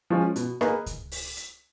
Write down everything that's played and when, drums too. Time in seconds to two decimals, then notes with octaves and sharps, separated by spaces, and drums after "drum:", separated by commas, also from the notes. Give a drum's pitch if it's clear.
0.10 F3 G#3 C#4
0.36 B2, drum: hi-hat
0.61 A#3 D#4 G#4 B4, drum: rim click
0.86 drum: kick C#2, hi-hat
1.11 drum: open hi-hat
1.37 drum: hi-hat